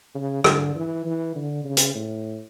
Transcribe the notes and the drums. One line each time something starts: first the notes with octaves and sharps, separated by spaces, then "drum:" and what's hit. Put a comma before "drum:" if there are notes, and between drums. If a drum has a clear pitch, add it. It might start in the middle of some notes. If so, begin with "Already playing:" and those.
C#3
D3, drum: rim click
E3
E3
D3
C#3
drum: hi-hat
A2